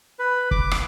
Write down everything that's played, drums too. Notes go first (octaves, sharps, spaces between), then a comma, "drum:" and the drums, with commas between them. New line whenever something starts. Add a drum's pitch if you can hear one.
B4
D6, drum: kick
drum: rim click